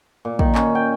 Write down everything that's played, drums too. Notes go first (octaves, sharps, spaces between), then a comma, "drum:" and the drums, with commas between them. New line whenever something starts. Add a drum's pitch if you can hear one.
A#2
D#3, drum: kick
C#4, drum: clap
G5